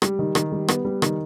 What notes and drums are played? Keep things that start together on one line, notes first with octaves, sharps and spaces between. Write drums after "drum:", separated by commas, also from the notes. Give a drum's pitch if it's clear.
G3, drum: rim click
D#3
D#3, drum: rim click
G3
B3, drum: rim click
G3
D#3, drum: rim click